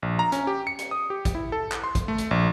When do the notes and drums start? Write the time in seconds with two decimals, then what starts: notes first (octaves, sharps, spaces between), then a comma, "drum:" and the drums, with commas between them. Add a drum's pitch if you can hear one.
0.02 A#1
0.19 A#5
0.32 C#4, drum: hi-hat
0.47 G4
0.67 C#7
0.79 drum: hi-hat
0.91 D#6
1.10 G4
1.25 drum: kick, hi-hat
1.35 E4
1.52 A4
1.72 drum: clap
1.84 C6
1.95 drum: kick, hi-hat
2.08 A3
2.18 drum: hi-hat
2.31 A#1